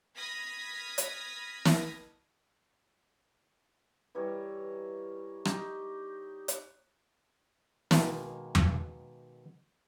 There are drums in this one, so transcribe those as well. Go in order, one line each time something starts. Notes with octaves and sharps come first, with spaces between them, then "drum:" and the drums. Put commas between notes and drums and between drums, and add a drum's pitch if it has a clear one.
B5 D#6 F6 G#6 A#6 B6
drum: hi-hat
drum: snare
E3 G3 A#4 C#5
D#4 G4, drum: rim click
drum: hi-hat
B2 D#3 G#3 A#3, drum: snare
drum: tom E2